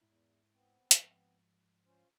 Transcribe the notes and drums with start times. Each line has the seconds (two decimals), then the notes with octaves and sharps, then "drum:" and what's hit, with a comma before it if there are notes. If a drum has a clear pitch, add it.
0.01 E2 G#2 E4
0.52 B3 C4
0.91 G#2 F3, drum: hi-hat
1.86 C#4 F4 C5